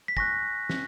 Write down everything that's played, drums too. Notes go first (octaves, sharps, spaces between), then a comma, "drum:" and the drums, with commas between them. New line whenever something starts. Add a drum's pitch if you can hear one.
B6
G#5 C#6 F#6 A#6, drum: kick
drum: snare